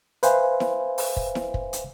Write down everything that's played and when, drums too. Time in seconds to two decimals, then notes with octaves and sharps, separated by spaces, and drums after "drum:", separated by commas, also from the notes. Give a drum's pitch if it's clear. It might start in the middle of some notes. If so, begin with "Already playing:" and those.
0.23 B4 C5 E5 F5 G#5, drum: hi-hat
0.60 drum: snare E4
0.98 drum: open hi-hat
1.17 drum: kick
1.35 drum: snare E4
1.54 drum: kick
1.73 drum: hi-hat